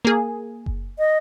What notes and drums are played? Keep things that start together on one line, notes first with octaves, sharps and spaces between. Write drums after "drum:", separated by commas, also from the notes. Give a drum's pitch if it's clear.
A#3 G#4
drum: kick F#1
D#5